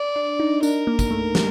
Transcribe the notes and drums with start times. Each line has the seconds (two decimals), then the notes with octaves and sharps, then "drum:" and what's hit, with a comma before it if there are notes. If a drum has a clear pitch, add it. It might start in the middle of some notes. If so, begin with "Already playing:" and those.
Already playing: D5
0.16 D4
0.40 D#4
0.63 D4 A#4, drum: tambourine
0.87 A#3
0.99 drum: kick, tambourine
1.11 A3
1.35 G3, drum: snare